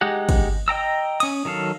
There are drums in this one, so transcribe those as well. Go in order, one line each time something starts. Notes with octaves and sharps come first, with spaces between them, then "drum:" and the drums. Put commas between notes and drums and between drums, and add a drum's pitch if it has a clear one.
G#3 D#4 G4 F#5
drum: kick, cymbal
D#5 G5 A#5 E6
C#4 D#6, drum: cymbal
D#3 F#3 A4 F5